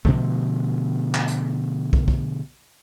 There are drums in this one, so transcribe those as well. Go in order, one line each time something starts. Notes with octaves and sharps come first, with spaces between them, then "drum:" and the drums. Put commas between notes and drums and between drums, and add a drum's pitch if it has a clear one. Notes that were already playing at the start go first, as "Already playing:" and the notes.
B2 D3 F3 A3, drum: kick
drum: clap
drum: hi-hat
drum: kick
drum: kick